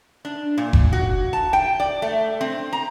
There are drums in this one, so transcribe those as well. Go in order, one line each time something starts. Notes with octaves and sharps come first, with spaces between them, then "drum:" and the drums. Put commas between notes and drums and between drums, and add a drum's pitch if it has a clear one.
D4
A#2
drum: kick F1
F#4
A5
G5
D5
A3
C4
A#5